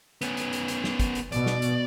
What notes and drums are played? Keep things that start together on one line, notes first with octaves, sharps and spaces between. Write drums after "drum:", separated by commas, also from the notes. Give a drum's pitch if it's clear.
B3 C#4, drum: hi-hat
drum: hi-hat
drum: hi-hat
drum: hi-hat
drum: snare
drum: kick, hi-hat
drum: hi-hat
B2 D5, drum: hi-hat
drum: snare
drum: hi-hat